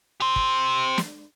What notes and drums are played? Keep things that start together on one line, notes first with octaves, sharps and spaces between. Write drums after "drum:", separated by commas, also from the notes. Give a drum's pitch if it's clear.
G4 C5
drum: kick
drum: snare